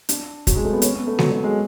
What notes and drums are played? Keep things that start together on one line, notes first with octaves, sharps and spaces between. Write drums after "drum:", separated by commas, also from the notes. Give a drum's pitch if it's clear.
D4, drum: hi-hat
F#3, drum: kick, hi-hat
G#3
A3
B3
C#4, drum: hi-hat
B3
A3
F#3, drum: snare G#3
F#3
G#3